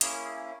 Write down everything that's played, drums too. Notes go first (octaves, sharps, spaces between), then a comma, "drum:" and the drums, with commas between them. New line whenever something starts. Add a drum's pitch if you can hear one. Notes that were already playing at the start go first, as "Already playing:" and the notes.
A#3 C#4 E4 G#4, drum: hi-hat
G#4